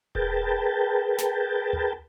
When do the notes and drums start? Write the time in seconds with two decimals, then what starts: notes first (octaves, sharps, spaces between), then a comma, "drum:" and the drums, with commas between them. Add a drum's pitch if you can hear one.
0.15 G#4 A#4 B4 G5 A5, drum: kick E1
1.18 drum: snare
1.73 drum: tom D2